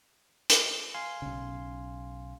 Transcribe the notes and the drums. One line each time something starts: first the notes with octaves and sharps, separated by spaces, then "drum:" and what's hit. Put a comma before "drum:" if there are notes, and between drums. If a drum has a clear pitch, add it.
drum: hi-hat
F5 G#5 C6
B1 C#3